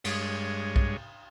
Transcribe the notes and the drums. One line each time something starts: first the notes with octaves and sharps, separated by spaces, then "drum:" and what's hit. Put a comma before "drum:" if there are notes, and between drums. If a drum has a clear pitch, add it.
G2 G#3 C#5, drum: cymbal
drum: kick B1